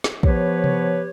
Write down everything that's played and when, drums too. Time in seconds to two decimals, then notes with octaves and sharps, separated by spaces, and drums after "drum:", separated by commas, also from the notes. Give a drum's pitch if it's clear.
0.04 drum: snare
0.23 F3 B3 G4 B4 C#5, drum: kick
0.64 drum: tom C3